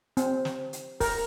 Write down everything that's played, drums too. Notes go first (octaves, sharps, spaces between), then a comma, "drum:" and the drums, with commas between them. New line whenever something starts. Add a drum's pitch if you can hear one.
C4, drum: hi-hat
drum: snare
drum: hi-hat
A#4, drum: kick, open hi-hat